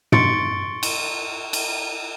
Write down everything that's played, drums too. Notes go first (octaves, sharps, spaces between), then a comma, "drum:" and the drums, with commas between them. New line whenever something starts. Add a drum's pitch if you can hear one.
C6 C#6 A6 C#7 D7, drum: tom
drum: cymbal
drum: cymbal